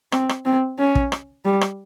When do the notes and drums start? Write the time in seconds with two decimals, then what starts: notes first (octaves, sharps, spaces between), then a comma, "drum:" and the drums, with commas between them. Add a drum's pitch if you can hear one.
0.12 C4, drum: rim click
0.29 drum: rim click
0.45 C4
0.79 C#4
0.95 drum: kick
1.12 drum: rim click
1.45 G3
1.61 drum: rim click